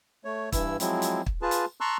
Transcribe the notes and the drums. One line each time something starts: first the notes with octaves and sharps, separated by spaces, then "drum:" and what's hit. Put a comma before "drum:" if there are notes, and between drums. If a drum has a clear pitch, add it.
A3 C#5
G2 E3 E4 E6, drum: kick, hi-hat
F3 F#3 G#3 C4 E4, drum: hi-hat
drum: hi-hat
drum: kick
F4 G#4 B4 A5
drum: hi-hat
A5 A#5 C6 C#6 E6 F#6